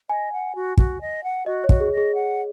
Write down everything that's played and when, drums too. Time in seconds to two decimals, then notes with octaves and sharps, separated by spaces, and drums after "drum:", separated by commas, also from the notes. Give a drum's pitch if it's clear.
0.09 D#5 G#5
0.32 F#5
0.55 F#4
0.78 F#4, drum: kick
1.01 D#5
1.24 F#5
1.46 F#4 D#5
1.64 C#5
1.69 F#4, drum: kick
1.80 G#4
1.92 D#5
1.97 G#4
2.15 F#5